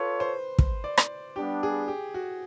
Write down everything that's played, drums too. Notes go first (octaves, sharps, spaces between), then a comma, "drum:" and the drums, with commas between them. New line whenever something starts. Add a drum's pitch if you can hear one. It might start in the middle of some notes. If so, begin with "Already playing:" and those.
Already playing: F4 A4 B4 C#5
C5
drum: kick
D5
drum: rim click
G3 B3 D4 G4
G#4
G4
F#4